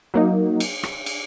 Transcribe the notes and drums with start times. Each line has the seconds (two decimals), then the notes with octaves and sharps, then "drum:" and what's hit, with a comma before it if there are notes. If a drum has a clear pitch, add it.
0.14 F#3 A#3 D#4
0.60 drum: cymbal
0.83 drum: rim click
1.06 drum: cymbal